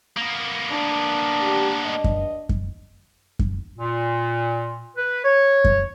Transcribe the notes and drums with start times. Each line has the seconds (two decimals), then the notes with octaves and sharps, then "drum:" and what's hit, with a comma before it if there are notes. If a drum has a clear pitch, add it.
0.17 A#3 B3
0.69 D4
1.41 G4
1.84 G2 D#5
2.04 drum: kick F#2
2.49 drum: kick F#2
3.39 drum: kick F#2
3.78 A#2
4.97 B4
5.24 C#5
5.65 drum: kick F#2